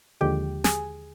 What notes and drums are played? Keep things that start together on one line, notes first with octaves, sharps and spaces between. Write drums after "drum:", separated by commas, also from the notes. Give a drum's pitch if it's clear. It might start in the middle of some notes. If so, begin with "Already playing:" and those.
D#2 D3 F3 G#3 G4 G5
G#4 G#5, drum: snare